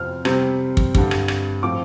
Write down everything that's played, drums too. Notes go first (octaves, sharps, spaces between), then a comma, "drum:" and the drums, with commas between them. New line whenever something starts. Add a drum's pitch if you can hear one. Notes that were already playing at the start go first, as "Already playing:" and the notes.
Already playing: F2 C3 F3 C4 F6
C3 G3 C4, drum: rim click
drum: kick
G2 D3 G3, drum: kick
drum: rim click
drum: rim click
A2 F3 C4 D6